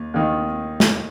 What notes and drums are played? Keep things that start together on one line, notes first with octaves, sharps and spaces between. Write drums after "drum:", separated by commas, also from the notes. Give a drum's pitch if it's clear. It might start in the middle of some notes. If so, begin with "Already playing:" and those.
Already playing: D#2
D#2 D#3
drum: snare